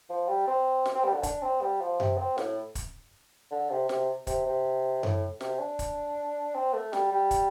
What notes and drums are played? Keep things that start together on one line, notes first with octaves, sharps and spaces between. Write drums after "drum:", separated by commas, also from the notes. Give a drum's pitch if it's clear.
F3
G3
C4
drum: snare
C4
G3
D3
D4, drum: kick, hi-hat
C4
G3
F3
C3, drum: tom F#2
C4
A2, drum: snare
drum: kick, hi-hat
D3
C3
C3, drum: snare
C3, drum: kick, hi-hat
C3
A2, drum: tom F#2
C3, drum: snare
D4
drum: kick, hi-hat
C4
A3
G3, drum: snare
G3
drum: kick, hi-hat